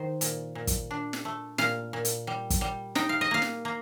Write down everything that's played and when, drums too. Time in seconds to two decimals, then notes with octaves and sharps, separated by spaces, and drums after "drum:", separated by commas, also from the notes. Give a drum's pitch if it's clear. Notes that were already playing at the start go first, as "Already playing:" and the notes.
Already playing: D#3 C5
0.21 A#2, drum: hi-hat
0.55 A#2
0.67 drum: kick, hi-hat
0.91 D4
1.13 drum: snare
1.25 A3
1.58 A#2 F5, drum: snare
1.93 A#2
2.05 drum: hi-hat
2.27 G3
2.50 drum: kick, hi-hat
2.61 G3
2.95 D#4 G5, drum: snare
3.09 F5
3.21 D#5
3.31 A#3 F5
3.42 drum: snare
3.65 A#3